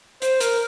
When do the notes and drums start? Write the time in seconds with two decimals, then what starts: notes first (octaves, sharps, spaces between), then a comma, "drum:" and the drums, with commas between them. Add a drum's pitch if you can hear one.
0.22 C5, drum: hi-hat
0.40 A#4, drum: hi-hat